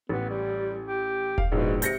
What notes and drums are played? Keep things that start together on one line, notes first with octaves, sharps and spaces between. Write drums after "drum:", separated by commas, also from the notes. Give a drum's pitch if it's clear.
A1 B3
G3
G4
F5, drum: kick E1
A#1 G#2 B2
C3 G6 A#6 C#7, drum: hi-hat